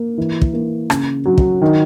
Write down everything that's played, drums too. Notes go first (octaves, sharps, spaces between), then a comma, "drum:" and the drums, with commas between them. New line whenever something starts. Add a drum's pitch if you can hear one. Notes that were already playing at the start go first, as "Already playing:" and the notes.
Already playing: A#3
E3
drum: kick
A#3
C#3, drum: rim click
F#3
drum: kick
D#3